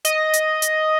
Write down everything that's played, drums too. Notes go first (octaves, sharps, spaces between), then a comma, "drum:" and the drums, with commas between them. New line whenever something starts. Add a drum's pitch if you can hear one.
D#5, drum: hi-hat
drum: hi-hat
drum: hi-hat